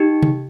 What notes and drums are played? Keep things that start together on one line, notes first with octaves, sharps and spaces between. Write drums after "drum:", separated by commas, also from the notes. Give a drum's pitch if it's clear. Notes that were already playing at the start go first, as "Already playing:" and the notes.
Already playing: D#4 G4
drum: tom C3